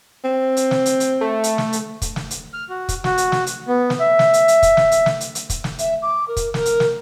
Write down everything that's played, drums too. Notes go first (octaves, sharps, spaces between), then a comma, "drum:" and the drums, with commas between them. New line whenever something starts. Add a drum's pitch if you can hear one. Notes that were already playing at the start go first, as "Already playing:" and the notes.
C4
drum: hi-hat
drum: snare
drum: hi-hat
drum: hi-hat
A3
drum: hi-hat
drum: snare
drum: hi-hat
drum: kick, hi-hat
drum: snare
drum: hi-hat
F6
F#4
drum: kick, hi-hat
F#4, drum: snare
drum: hi-hat
drum: snare
drum: hi-hat
B3
drum: snare
E5
drum: snare
drum: hi-hat
drum: hi-hat
drum: kick, hi-hat
drum: snare
drum: hi-hat
drum: snare
drum: hi-hat
drum: hi-hat
drum: kick, hi-hat
drum: snare
E5, drum: hi-hat
D6
A#4
drum: kick, hi-hat
A#4, drum: snare
drum: hi-hat
drum: snare